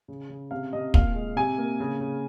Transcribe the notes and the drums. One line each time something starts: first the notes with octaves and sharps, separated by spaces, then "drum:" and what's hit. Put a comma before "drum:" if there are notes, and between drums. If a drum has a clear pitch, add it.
C#3
C#3
C3 F5
C3 D#5
A#2 F5, drum: kick
G#3
C3 G#5
A#3
C#3
C#3